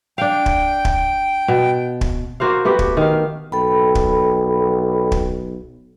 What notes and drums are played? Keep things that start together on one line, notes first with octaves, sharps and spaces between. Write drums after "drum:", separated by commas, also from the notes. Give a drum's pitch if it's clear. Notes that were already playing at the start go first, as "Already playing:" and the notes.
D4 F5 G5
drum: kick
drum: kick
B2
drum: kick
A#3 F#4 C5 F5
A3 B3 F#4 G4
drum: kick
D#3 F5
B1 A4 G5 B5
drum: kick
drum: kick